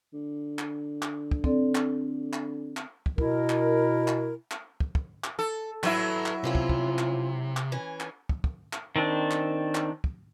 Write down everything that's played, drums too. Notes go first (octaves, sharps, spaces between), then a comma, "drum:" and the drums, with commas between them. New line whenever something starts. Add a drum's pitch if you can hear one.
D3
drum: clap
drum: clap
drum: kick
C4 A4 D5, drum: kick
drum: clap
drum: clap
drum: clap
drum: kick
B2 E4 A#4, drum: kick
drum: clap
drum: clap
drum: clap
drum: kick
drum: kick
drum: clap
A4
F#3 E4 A4 B4, drum: clap
drum: clap
C3 F3 C#4 F4
drum: kick
drum: kick
drum: clap
drum: clap
E3 C#4
drum: clap
drum: kick
drum: kick
drum: clap
D#3 C4 D4
drum: clap
drum: clap
drum: kick